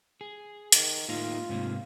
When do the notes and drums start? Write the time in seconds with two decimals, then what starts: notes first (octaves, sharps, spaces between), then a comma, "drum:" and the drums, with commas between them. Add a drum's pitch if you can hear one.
0.21 G#4
0.72 D#3, drum: hi-hat
1.09 A2 A#3 D#4 F4
1.49 G#2 C3 A#3